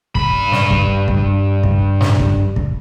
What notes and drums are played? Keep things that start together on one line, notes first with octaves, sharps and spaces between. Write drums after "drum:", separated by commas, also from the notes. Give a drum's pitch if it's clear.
G2 B5, drum: kick
drum: snare
drum: kick
drum: kick
drum: kick
drum: snare
drum: kick
drum: kick